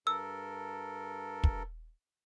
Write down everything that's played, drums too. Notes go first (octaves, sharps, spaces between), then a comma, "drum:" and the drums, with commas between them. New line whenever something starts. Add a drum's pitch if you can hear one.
G2 A4 A#4 E6
drum: kick